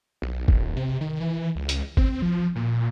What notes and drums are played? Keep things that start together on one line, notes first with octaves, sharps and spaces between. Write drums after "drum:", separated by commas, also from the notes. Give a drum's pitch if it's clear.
B1
D#1, drum: kick G#1
C3
D#3
E3
C#2
drum: hi-hat
C4, drum: kick G#1
F3
A#2